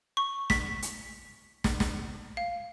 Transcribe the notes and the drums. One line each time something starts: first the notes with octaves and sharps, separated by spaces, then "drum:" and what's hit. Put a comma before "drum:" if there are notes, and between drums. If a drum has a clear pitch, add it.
C#6
B6, drum: snare
drum: hi-hat
drum: snare
drum: snare
F5